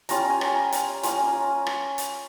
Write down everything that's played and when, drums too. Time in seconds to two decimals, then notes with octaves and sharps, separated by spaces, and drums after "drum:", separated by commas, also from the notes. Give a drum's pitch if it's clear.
0.09 G3 C#4 F4 A#5, drum: hi-hat
0.30 G#5
0.41 A#5, drum: rim click
0.73 A#5, drum: hi-hat
1.03 A#3 C#4 F4 G#5, drum: hi-hat
1.27 A#5
1.67 drum: rim click
1.98 drum: hi-hat